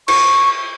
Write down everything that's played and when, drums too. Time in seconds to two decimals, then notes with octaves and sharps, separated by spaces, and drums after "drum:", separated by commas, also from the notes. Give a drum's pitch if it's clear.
0.08 C#6, drum: cymbal